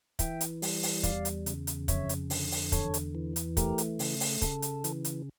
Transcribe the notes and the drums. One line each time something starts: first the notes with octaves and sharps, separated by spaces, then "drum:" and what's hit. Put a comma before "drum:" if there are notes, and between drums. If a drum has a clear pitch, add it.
E3 E5 G5, drum: kick, hi-hat
drum: hi-hat
G3, drum: open hi-hat
drum: open hi-hat
E2 D5 F5, drum: kick, hi-hat
drum: hi-hat
C#3, drum: hi-hat
drum: hi-hat
F2 C#5 E5, drum: kick, hi-hat
drum: hi-hat
D3, drum: open hi-hat
drum: open hi-hat
E2 A4 C#5, drum: kick, hi-hat
drum: hi-hat
E3
drum: hi-hat
A3 G4 A#4, drum: kick, hi-hat
drum: hi-hat
C#3, drum: open hi-hat
drum: open hi-hat
C#3 A4, drum: kick, hi-hat
drum: hi-hat
E3, drum: hi-hat
drum: hi-hat